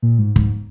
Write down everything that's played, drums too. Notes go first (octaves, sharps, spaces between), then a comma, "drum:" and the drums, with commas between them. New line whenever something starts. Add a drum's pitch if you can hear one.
A#2
G#2
G#2, drum: kick